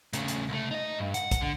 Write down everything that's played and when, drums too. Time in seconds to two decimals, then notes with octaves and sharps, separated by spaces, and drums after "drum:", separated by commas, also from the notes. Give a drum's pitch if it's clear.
0.13 C#3 A3, drum: hi-hat
0.28 drum: hi-hat
0.49 C2 A3
0.71 D#4 D#5
0.98 G2
1.14 F#5, drum: hi-hat
1.31 drum: kick, hi-hat
1.41 D3